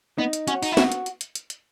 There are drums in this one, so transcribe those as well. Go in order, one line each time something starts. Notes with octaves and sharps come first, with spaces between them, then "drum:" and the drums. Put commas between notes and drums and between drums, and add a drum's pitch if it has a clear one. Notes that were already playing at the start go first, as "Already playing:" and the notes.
B3 D#4
drum: hi-hat
C#4 F#4, drum: hi-hat
D#4, drum: open hi-hat
E4
F#4, drum: snare
drum: hi-hat
drum: hi-hat
drum: hi-hat
drum: hi-hat
drum: hi-hat